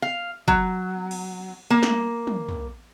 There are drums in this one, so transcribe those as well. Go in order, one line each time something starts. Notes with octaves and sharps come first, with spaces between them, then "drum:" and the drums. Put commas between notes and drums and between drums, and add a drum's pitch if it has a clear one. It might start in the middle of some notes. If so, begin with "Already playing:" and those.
F5
F#3, drum: kick
drum: cymbal
A#3
drum: snare
drum: tom
drum: tom